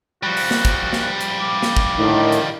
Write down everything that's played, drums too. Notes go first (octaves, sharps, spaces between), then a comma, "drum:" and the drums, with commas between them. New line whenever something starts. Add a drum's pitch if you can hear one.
F3 G3 F#4
drum: open hi-hat
drum: snare
drum: kick, hi-hat
drum: snare
drum: hi-hat
D6
drum: snare
drum: kick
A2 D3 D#3
drum: hi-hat